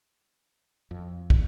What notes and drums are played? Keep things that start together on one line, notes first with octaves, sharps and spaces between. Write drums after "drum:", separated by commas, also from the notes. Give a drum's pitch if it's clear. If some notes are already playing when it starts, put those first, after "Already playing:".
F2
drum: kick